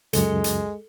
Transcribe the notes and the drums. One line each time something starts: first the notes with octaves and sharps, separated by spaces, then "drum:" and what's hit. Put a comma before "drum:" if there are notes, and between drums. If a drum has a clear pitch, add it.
C#2 F#2 G#3 A4, drum: hi-hat
drum: hi-hat